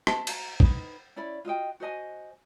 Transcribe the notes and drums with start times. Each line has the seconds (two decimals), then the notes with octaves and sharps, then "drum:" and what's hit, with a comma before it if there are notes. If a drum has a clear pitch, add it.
0.07 A5, drum: rim click
0.27 F#4 F5 A#5, drum: cymbal
0.60 D#4 B4, drum: kick
1.16 C#4 E4 D5 B5
1.45 F4 F#4 D#5 G5
1.80 F#4 C5 D#5 G#5